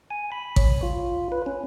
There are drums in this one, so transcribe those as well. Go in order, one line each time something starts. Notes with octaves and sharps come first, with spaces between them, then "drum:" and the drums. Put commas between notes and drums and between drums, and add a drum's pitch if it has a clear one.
G#5
B5
C#5, drum: kick A1
F4
B4
C#4